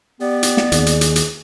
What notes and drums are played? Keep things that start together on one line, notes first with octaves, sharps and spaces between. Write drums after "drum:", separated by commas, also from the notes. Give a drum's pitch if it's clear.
B3 G4 D5
drum: hi-hat
drum: snare
D#2 G#4, drum: hi-hat
drum: hi-hat
drum: hi-hat
drum: hi-hat